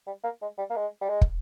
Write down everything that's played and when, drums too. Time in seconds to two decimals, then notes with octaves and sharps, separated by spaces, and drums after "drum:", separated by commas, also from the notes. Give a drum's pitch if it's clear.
0.07 G3
0.24 A#3
0.42 G#3
0.58 G3
0.70 A#3
0.76 G#3
1.01 G3
1.09 G#3
1.21 drum: kick